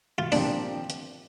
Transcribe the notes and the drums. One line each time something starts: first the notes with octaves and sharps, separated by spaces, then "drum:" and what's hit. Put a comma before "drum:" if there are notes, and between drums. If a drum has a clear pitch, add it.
F4
A#2 F3 C4 D4 G4, drum: open hi-hat
drum: hi-hat